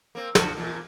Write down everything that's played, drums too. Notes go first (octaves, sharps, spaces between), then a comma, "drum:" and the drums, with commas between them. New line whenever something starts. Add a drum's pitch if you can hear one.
A#3 C4
D3 F3 F#4, drum: snare
E2 A#2